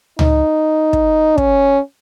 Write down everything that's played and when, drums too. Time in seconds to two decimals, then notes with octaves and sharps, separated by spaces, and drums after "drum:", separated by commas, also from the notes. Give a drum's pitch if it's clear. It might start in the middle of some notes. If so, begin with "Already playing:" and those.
0.19 D#4, drum: tom C#2
0.93 drum: kick
1.38 C#4, drum: kick